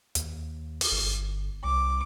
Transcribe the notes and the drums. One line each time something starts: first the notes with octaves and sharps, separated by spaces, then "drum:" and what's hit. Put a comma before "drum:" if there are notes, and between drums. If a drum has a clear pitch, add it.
D#2, drum: hi-hat
drum: open hi-hat
G1
C2 D6